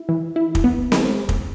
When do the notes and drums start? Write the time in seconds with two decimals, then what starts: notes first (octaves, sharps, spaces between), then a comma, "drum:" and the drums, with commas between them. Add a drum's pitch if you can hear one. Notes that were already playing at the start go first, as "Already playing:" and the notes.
Already playing: E4
0.09 E3
0.36 E4
0.55 drum: kick
0.64 B3
0.92 G#3, drum: snare C4
1.29 drum: kick